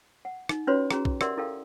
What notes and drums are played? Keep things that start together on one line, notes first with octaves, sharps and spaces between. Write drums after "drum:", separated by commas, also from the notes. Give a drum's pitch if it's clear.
F#5
D#4, drum: rim click
C#4 F4 F#4 B4 C#5 C6
C#4 F#4 G#4 G5 A#5, drum: rim click
drum: kick
G4 A#4 D5 E5 F#5 C6, drum: rim click
E4 G4 A4 A#4 F5 G5